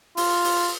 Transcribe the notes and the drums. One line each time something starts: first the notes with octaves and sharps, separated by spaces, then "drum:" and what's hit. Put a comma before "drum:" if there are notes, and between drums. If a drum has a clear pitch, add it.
F4, drum: open hi-hat
drum: open hi-hat